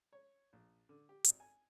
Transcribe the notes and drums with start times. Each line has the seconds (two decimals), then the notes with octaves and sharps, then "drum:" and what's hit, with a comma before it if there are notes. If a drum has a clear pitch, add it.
0.13 C#5
0.53 A#1
0.89 D3
1.09 G4
1.24 G#1, drum: hi-hat
1.40 G#5